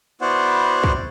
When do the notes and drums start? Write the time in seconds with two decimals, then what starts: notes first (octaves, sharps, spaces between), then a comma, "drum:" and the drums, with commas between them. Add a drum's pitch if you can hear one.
0.21 B3 E4 F#4 C5 D5 F#5
0.84 drum: kick